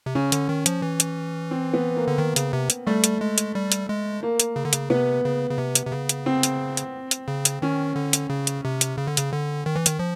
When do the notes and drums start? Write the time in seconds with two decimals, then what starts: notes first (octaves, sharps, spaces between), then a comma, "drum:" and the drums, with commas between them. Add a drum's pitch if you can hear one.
0.06 C3
0.15 C#3 C#4
0.32 D3, drum: hi-hat
0.49 D#3
0.66 F3, drum: hi-hat
0.82 E3
1.00 drum: hi-hat
1.51 C4
1.74 B3
1.96 A#3
2.08 D3
2.18 D#3
2.36 C#3, drum: hi-hat
2.53 C3
2.70 drum: hi-hat
2.87 G3 A3
3.04 drum: hi-hat
3.21 G#3
3.38 drum: hi-hat
3.55 G3
3.72 drum: hi-hat
3.89 G#3
4.23 A#3
4.40 drum: hi-hat
4.56 C#3
4.65 D3
4.73 C#3, drum: hi-hat
4.90 C3 B3
5.25 C#3
5.50 C#3
5.58 C3
5.75 drum: hi-hat
5.86 C3
5.92 C#3
6.09 drum: hi-hat
6.26 C4
6.43 drum: hi-hat
6.77 drum: hi-hat
7.11 drum: hi-hat
7.28 C#3
7.45 drum: hi-hat
7.62 D#3 C#4
7.96 D3
8.13 drum: hi-hat
8.30 C#3
8.47 drum: hi-hat
8.65 C3
8.81 drum: hi-hat
8.98 C#3
9.07 D3
9.17 C#3, drum: hi-hat
9.33 D3
9.66 D#3
9.76 E3
9.86 D#3, drum: hi-hat
9.99 F3